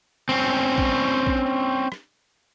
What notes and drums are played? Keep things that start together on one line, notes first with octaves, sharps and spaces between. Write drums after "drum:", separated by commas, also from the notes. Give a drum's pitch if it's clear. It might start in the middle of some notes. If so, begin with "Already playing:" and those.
C4 C#4
drum: kick A#1
drum: kick A#1
drum: rim click